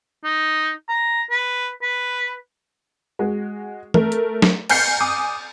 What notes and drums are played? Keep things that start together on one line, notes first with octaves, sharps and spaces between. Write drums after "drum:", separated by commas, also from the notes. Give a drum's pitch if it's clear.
D#4
A#5
B4
B4
G#3 F#4
A3 A#4, drum: tom E3
drum: hi-hat
drum: snare
G#5 F6 G6 C7 C#7, drum: cymbal
G#5 D6 D#6